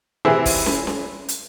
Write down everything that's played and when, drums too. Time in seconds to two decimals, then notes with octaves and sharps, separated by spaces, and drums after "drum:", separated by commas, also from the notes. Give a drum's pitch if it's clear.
0.25 C3 E3 C4 E4 G#4
0.46 drum: kick, open hi-hat
0.66 drum: snare
0.87 drum: snare
1.29 drum: hi-hat